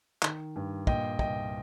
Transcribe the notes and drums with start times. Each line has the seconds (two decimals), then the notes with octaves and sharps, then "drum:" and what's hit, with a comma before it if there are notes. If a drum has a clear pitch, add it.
0.23 D#3, drum: clap
0.56 G2
0.87 A#2 D#5 G5, drum: kick
1.19 C2 D#5 G5, drum: kick